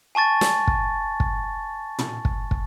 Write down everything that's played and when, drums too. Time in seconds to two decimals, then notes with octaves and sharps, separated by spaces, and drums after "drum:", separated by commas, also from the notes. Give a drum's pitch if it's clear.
0.15 G#5 A5 C#6 A6
0.41 drum: snare
0.67 drum: kick
1.20 drum: kick
1.99 drum: tom
2.25 drum: kick
2.51 drum: kick